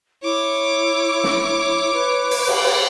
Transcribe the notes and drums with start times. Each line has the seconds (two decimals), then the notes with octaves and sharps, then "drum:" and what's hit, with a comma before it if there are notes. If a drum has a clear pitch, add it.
0.23 E4 C#5 D6
1.24 drum: snare
1.94 B4
2.31 drum: open hi-hat
2.48 drum: cymbal